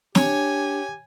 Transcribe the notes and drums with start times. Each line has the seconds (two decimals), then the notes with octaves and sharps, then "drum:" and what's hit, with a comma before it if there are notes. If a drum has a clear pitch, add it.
0.15 D4 G4 C#5 G#5, drum: snare